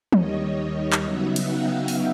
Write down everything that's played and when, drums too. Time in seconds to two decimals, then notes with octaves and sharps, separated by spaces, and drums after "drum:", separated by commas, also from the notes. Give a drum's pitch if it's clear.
0.12 D#2 D#3 G3 C#5 D#5, drum: tom
0.93 drum: clap
1.03 C#3 F#3 B3 D#4 E5 F#5
1.36 drum: cymbal
1.48 F5 G5
1.88 drum: open hi-hat